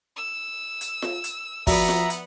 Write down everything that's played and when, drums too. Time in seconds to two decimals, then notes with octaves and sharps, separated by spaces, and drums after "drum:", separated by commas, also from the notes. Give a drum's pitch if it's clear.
0.16 E6
0.81 drum: hi-hat
1.02 drum: snare F4
1.24 drum: hi-hat
1.67 F3 B3 F#4 D5 E5 F#5 A#5, drum: kick, open hi-hat
1.88 drum: snare F4
2.10 drum: hi-hat